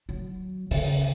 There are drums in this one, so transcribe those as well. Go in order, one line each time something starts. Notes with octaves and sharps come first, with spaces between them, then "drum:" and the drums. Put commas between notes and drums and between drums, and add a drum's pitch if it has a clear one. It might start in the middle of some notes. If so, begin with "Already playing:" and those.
F#3
C#3, drum: open hi-hat